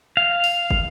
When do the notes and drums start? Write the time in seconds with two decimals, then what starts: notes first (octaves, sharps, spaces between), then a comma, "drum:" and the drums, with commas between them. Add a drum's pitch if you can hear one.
0.17 F5
0.44 drum: open hi-hat
0.71 drum: kick